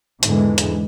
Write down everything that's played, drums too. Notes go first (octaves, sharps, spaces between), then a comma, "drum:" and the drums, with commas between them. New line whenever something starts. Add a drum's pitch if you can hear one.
E2 G#2 D3 E3 G#3, drum: hi-hat
drum: hi-hat